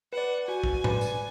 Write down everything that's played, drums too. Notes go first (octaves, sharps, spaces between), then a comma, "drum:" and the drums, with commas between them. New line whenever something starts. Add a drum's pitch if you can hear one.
B4 D5 F#5
F#4 G#5
drum: kick
B4 D5, drum: tom A2
drum: tambourine